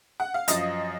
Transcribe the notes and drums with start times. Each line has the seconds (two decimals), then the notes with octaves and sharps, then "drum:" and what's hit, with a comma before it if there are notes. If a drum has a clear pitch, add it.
0.20 F#5
0.34 F5
0.48 F#2 F3 D#5, drum: hi-hat